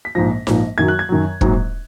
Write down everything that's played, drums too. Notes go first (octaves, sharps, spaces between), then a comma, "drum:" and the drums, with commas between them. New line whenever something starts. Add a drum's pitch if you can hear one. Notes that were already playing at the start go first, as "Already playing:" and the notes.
B6
A#1 G#2 F3 A#6
A#1 G#2 F3, drum: snare D#4
F#2 D#3 F#3 G#6
F#6
G#6
F#2 D#3 F#3
A#1 G#2 F#3, drum: kick